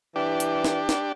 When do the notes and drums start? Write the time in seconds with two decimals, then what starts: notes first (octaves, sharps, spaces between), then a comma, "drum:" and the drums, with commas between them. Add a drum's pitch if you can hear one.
0.16 E3 D4 G4
0.40 drum: hi-hat
0.65 drum: snare
0.89 drum: snare